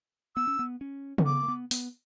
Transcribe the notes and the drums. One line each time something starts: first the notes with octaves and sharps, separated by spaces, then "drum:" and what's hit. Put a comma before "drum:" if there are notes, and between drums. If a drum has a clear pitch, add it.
B3 E6
C#4
B3
C#4
C#4, drum: tom C#3
B3 D6
A#3
B3
B3, drum: open hi-hat